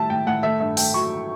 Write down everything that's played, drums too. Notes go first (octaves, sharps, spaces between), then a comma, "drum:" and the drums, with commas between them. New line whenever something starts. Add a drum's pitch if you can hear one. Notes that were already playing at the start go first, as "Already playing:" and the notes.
Already playing: A2 G3 E5 A5
A2 G5
A2 F#5
A3 E5
G2 E5
A3 G5, drum: open hi-hat
F#3 C#6